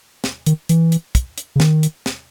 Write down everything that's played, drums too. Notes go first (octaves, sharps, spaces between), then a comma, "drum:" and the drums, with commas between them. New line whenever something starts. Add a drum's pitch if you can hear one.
drum: snare
D#3, drum: hi-hat
E3, drum: hi-hat
drum: hi-hat
drum: kick, hi-hat
drum: hi-hat
C#3
D#3, drum: snare
drum: hi-hat
drum: snare